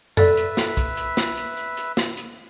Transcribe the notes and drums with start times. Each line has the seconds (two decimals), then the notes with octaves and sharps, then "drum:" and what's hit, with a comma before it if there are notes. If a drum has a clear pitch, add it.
0.17 A4 B4 D5 E5, drum: tom F2
0.37 drum: hi-hat
0.57 drum: snare
0.77 drum: kick, hi-hat
0.97 drum: hi-hat
1.17 drum: snare
1.37 drum: hi-hat
1.57 drum: hi-hat
1.77 drum: hi-hat
1.97 drum: snare
2.17 drum: hi-hat